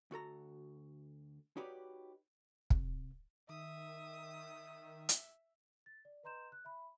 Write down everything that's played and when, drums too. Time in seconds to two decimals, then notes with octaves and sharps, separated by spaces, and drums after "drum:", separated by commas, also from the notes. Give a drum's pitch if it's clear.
0.11 D2 F#4 A4 A#5
1.57 D#4 F#4 G4 B4 C#5 D5
2.70 C3, drum: kick
3.49 D#3 E5 D#6
5.09 drum: hi-hat
5.86 A6
6.05 D5
6.23 B4 D#5 A#5 C6 G6 E7
6.52 F#6
6.65 E5 B5